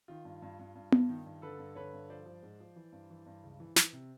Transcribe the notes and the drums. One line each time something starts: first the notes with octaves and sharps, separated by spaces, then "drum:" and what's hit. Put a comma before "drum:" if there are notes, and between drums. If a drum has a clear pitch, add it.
D#3 F4
G2
G2
G2
G2
G2, drum: tom B3
D#3
G2
D3 A4 B4
G2
D3 B4 C#5
G2
F3 C5 D5
F3
G#2
F3
E3
G2
E3
G2
C#2
E3
E3, drum: snare
C3